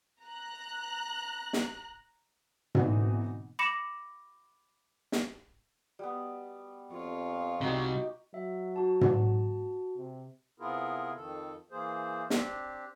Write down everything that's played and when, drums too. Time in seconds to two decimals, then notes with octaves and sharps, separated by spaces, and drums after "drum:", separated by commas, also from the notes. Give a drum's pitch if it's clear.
0.21 A#5 F#6
1.53 drum: snare
2.75 B2 D3 E3 C4 D#4, drum: tom
3.59 B5 D6 A#6 C#7 E7
5.12 drum: snare
5.99 G3 B3
6.91 F2 F4 C#5
7.61 C2 C3 D#4 F#4 G4
8.34 F#3 E5
8.76 F#4 A5
9.01 drum: tom
9.96 C3
10.60 C3 B3 E4 F4 G#4 A#4
11.16 F2 D#3 A4
11.72 E3 A#3 G#4 C5
12.30 C4 D4 G4, drum: snare